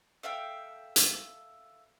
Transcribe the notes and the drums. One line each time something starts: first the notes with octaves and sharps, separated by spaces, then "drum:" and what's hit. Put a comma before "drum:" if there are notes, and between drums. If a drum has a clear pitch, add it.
A4 E5 F5 G5
drum: hi-hat